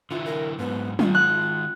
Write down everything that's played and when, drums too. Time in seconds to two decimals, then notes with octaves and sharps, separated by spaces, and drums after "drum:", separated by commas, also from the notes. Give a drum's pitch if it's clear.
0.11 D3 E3 E4 F4
0.26 A#4
0.59 G#2 F#3 B3
0.99 D#3 G#3 F4, drum: tom F#3
1.15 F#6